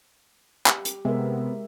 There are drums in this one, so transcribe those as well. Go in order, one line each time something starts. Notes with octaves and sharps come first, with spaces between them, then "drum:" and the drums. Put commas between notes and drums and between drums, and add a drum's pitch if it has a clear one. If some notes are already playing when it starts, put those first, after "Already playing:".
G4, drum: clap
drum: hi-hat
C3 G#3 B3 A#4 E5